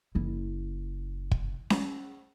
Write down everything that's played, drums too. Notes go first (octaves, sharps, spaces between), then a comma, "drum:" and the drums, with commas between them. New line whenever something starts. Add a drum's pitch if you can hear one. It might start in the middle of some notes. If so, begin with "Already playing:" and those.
F#1 E4
drum: kick
drum: snare C#4